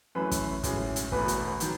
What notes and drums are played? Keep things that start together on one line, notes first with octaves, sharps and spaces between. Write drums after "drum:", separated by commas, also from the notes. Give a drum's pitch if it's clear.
F#2 E3 A3 C#4 B4 B5
drum: kick, hi-hat
B1 A2 G#3 C#4, drum: kick, hi-hat
drum: hi-hat
E1 E2 B2 A3 B4 B5, drum: kick
drum: hi-hat
D#3 F#3, drum: hi-hat